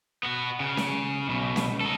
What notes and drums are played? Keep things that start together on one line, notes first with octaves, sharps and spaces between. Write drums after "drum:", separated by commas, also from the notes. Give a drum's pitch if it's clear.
B3 F#4
C#3
drum: snare C#4
B1 B2
drum: snare C#4
D#4 A4